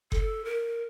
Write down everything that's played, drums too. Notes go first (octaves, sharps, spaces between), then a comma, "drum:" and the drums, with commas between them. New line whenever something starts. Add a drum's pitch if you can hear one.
A4, drum: kick F#1
A#4